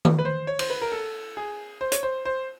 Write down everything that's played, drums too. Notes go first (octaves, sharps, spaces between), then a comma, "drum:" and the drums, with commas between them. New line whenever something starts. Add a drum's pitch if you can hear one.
drum: tom D#3
B4
C5
C#5
C5, drum: cymbal
B4
A#4
A4
G#4
C5
C#5, drum: hi-hat
C5
C5